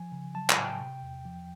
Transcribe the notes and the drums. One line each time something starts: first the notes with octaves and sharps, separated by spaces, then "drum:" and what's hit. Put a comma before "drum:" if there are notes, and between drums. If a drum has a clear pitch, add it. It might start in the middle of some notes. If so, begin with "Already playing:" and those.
Already playing: F3 G#5
C#3
F#3 A5
G#5, drum: clap
A2
G5
C3
E2
F3